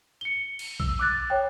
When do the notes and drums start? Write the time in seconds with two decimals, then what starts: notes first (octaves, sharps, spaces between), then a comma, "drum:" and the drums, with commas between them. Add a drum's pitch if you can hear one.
0.21 C#7 G7
0.59 drum: cymbal
0.80 E6, drum: kick
0.99 D6 F#6 A6
1.30 C#5 G5